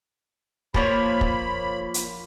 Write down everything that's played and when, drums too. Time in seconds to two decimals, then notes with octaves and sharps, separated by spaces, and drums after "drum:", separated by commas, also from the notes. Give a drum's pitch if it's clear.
0.74 F3 A#3 C#5 B5, drum: kick
1.21 drum: kick
1.94 drum: hi-hat